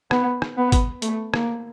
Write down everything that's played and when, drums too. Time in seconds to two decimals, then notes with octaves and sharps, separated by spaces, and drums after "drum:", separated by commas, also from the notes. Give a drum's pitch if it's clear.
0.11 B3, drum: rim click
0.42 drum: rim click
0.58 B3
0.72 drum: kick G#1, hi-hat
1.02 A3, drum: hi-hat
1.34 A#3, drum: rim click